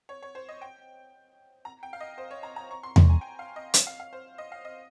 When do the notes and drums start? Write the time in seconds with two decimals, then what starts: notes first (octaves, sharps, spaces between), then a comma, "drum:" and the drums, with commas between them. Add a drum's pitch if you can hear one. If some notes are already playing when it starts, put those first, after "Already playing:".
0.09 C#5
0.22 C#5
0.35 C5
0.49 D#5
0.61 G5
1.65 A#5
1.83 G5
1.93 F5
2.00 D#5
2.18 C5
2.31 C#5
2.43 A#5
2.56 A#5
2.71 C#6
2.83 C6
2.96 A#5, drum: tom E2
3.09 G#5
3.21 G5
3.39 F5
3.56 D#5
3.74 C#5, drum: hi-hat
3.87 F5
4.00 F5
4.13 C5
4.38 D#5
4.52 F5
4.65 D#5